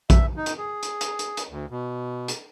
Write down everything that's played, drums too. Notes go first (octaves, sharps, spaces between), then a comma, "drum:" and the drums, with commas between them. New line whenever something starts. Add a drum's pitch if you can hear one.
E5, drum: kick A#1, hi-hat
D#4
drum: hi-hat
G#4
drum: hi-hat
drum: hi-hat
drum: hi-hat
drum: hi-hat
D2
B2
drum: hi-hat